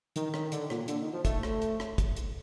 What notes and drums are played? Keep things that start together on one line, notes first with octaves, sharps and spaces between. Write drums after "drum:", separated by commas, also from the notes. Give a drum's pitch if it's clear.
D#3, drum: hi-hat
D#3, drum: rim click
D3, drum: hi-hat
A#2, drum: rim click
D3, drum: hi-hat
D#3
F3
A3, drum: kick, hi-hat
drum: rim click
drum: hi-hat
drum: rim click
drum: kick, hi-hat
drum: hi-hat